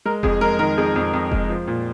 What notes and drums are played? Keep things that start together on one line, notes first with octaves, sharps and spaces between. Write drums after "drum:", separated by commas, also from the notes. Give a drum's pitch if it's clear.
G#3 A#4
F2 G#4, drum: kick F1
G#3 A#4
D#3 A#4
F2 G#4
F2
F2
G#3, drum: kick F1
F3
A#2